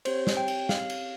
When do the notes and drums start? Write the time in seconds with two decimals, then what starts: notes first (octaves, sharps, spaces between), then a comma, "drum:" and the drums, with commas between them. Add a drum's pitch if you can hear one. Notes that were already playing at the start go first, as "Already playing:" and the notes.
0.05 C4 G4 C5 C#5, drum: cymbal
0.27 drum: snare
0.37 G5
0.48 drum: cymbal
0.69 F5, drum: snare
0.90 drum: cymbal